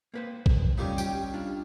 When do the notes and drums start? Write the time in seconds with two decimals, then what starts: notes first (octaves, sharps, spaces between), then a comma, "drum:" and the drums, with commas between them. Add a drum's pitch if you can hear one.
0.14 A#3 B4 C5
0.46 drum: kick A1
0.78 G3 A3 C#4 D#4 F4 G4
0.98 G4 G5, drum: tambourine
1.34 D4 F4